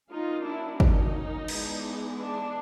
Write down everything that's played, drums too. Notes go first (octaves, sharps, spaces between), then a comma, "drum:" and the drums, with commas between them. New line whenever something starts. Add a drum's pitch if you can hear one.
F#3 A#3 C#4 D#4 F4
D4 E4
D#4, drum: kick
E3 G#3 B3 D4, drum: cymbal
D4